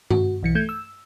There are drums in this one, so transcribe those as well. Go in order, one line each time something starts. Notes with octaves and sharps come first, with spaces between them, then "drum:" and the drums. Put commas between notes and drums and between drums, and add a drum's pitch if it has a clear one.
F#4, drum: tom G2
B1 E3 C#7
A3 G6 G#6
E6